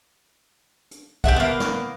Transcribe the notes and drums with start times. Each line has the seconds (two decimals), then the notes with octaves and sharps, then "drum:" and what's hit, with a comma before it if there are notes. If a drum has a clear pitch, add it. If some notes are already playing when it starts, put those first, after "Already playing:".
0.91 drum: hi-hat
1.24 G4 G#4 E5 F#5, drum: kick
1.36 A#3 B3
1.60 drum: snare